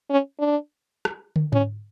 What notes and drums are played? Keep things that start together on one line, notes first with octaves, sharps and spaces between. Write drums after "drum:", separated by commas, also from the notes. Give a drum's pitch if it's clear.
C#4
D4
drum: rim click
drum: tom
C#4, drum: tom G#2